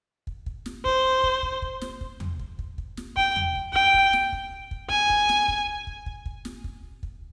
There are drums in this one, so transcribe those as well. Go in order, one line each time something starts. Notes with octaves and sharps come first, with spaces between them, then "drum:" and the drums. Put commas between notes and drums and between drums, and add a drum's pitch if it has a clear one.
drum: kick
drum: kick
drum: snare
C5, drum: kick
drum: kick
drum: kick
drum: kick
drum: snare
drum: kick
drum: tom E2
drum: kick
drum: kick
drum: kick
drum: snare
G5, drum: kick
drum: tom E2
drum: kick
G5, drum: kick
drum: kick
drum: snare
drum: kick
drum: kick
G#5, drum: kick
drum: kick
drum: snare
drum: kick
drum: kick
drum: kick
drum: kick
drum: snare
drum: kick
drum: kick